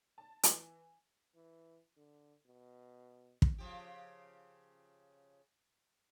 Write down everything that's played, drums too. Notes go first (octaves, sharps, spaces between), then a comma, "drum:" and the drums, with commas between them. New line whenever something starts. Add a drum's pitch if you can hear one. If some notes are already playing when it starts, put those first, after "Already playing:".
A5
E3, drum: hi-hat
E3
D3
B2
drum: kick
C#3 F3 G4